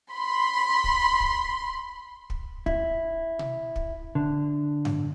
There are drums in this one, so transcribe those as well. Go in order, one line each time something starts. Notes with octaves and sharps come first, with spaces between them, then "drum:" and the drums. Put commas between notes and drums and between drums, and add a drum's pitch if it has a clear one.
B5 C6
drum: kick
drum: kick
drum: kick
E4, drum: kick
drum: tom B2
drum: kick
D3
drum: tom G2